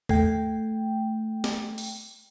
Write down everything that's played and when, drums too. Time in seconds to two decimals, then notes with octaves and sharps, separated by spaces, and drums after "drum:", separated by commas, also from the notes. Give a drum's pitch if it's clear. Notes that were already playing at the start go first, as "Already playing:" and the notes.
0.09 A3 G5, drum: kick
1.44 drum: snare
1.78 drum: open hi-hat